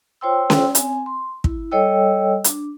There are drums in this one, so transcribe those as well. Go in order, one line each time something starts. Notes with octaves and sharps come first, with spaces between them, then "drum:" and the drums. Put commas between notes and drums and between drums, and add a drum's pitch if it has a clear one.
F4 C5 C#5 G5 C6 E6
drum: snare C#4
C4 G#5, drum: hi-hat
C6
E4, drum: kick
G3 A4 C#5 D#5 G5 E6
D4, drum: hi-hat